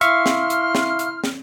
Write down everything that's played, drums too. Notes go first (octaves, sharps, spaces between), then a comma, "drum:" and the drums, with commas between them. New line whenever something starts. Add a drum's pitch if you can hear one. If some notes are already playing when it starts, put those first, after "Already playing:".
E4 E5 F5 C6 C#6 F6, drum: hi-hat
drum: snare
drum: hi-hat
drum: snare
drum: hi-hat
drum: snare